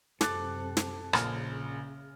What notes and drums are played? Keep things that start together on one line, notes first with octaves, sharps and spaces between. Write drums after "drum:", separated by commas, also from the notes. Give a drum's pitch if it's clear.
F#2 C3 C4 A4 D6 F#6 A6, drum: snare
drum: snare
A#1 C#3 F6, drum: rim click